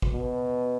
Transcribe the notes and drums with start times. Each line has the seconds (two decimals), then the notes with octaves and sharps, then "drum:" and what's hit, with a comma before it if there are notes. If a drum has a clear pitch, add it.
0.02 drum: kick
0.12 B2